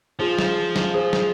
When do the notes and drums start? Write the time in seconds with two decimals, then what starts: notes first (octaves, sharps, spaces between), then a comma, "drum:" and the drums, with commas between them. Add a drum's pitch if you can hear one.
0.19 F3 F4 G#4
0.38 drum: snare
0.76 drum: snare
0.94 G#4 C5
1.13 drum: snare